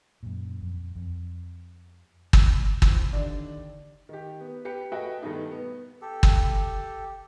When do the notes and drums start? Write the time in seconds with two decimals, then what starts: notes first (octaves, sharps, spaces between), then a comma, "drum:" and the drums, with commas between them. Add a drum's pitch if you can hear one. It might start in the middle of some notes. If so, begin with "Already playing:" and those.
0.23 F#2 A#2
0.62 F2
0.96 F2
2.33 G#1, drum: kick
2.82 F3, drum: kick
3.13 D#2 D3 D4
4.09 D#3 G4
4.41 B3
4.65 G4 B4 C#7
4.92 F#4 A4 B4 D#5 E5 G5
5.22 G2 B2 D#3 A3 D#4
5.51 B3
6.01 G4 A4
6.23 drum: kick